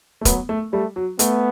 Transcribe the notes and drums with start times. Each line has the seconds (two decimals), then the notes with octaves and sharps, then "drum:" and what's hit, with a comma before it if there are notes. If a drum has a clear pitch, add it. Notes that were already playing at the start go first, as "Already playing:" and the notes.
0.21 A3
0.25 F#3 B3, drum: kick, hi-hat
0.49 A3
0.72 G3 A3
0.96 F#3
1.19 A3 B3, drum: hi-hat